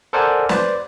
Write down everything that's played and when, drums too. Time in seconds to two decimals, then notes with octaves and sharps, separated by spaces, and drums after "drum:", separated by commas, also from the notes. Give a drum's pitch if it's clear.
0.13 A4 A#4 C5 D5 F#5 G#5
0.49 B4 C5 D5, drum: snare